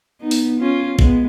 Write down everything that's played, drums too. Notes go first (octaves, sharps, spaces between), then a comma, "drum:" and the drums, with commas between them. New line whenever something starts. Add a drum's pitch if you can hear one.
B3 D#4
drum: open hi-hat
C#4 F4
G#3 B3, drum: kick A#1